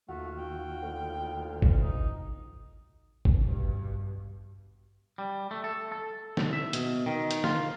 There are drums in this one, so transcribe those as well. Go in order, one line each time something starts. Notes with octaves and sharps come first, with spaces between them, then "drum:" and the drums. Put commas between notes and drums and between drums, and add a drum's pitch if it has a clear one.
D#2 A3 F4 F#4
G5
D2
drum: kick G#1
D#4
drum: kick G#1
G2 B2
G3
A3
A4
A4
C2, drum: snare
E5
B2, drum: hi-hat
D#3
drum: hi-hat
F4, drum: snare